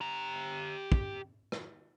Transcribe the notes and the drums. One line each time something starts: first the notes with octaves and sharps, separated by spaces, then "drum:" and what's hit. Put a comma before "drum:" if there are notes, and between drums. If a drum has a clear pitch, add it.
G4 A#5
drum: kick
drum: rim click